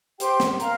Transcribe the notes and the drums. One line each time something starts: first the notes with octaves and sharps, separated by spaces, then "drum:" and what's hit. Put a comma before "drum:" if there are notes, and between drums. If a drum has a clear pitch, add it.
G4 C5 G5 C6, drum: hi-hat
drum: snare
A#4 F5 A#5, drum: hi-hat